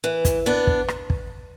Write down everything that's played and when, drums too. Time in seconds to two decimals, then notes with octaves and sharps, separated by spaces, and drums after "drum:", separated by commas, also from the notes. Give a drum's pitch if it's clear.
0.04 E3
0.25 drum: kick, hi-hat
0.46 B3 D4
0.67 drum: kick
0.88 drum: rim click
1.10 drum: kick